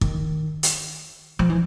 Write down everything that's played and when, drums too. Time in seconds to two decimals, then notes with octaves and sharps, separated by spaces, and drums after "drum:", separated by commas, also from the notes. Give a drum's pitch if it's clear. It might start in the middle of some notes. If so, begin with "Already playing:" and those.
0.01 D#3, drum: kick
0.63 drum: hi-hat
1.39 F3
1.49 E3